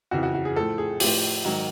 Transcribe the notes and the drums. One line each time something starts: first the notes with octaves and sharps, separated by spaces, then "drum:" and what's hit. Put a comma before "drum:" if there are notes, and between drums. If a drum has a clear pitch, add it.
F2 C#3 E3 F#4
F#4
F#4
G#4
A2 F3 A4
G#4
A2 F3 G4, drum: open hi-hat
G#2 D#3 F#3